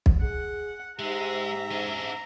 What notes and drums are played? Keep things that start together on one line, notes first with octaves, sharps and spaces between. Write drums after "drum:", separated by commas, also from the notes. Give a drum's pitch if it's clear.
drum: kick
G#4 F#5
G#2 G#3 G4 E5 A#5
C#4 D4